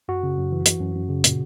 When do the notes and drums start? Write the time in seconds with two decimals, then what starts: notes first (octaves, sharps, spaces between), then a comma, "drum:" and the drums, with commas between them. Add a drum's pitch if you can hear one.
0.08 F#2 F#4
0.23 C#3
0.37 F#2
0.52 E3
0.66 E3, drum: hi-hat
0.80 F#2
0.95 F#2
1.09 C#3
1.24 A#2, drum: hi-hat